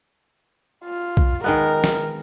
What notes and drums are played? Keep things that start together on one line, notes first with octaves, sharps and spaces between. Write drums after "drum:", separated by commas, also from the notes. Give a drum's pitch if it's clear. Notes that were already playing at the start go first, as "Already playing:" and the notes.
F4
drum: kick B1
D#3 G#3 B3 A#4
drum: snare